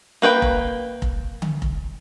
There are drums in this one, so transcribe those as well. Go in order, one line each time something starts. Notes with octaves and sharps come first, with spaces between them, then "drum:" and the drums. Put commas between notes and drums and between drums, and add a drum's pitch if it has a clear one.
A#3 B4 C5 G5
drum: kick F1
drum: kick F1
drum: tom D3
drum: kick F1